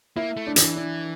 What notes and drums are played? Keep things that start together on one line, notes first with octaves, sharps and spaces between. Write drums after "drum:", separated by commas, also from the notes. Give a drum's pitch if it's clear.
A#3 E4
A3
D4
E3, drum: hi-hat
D4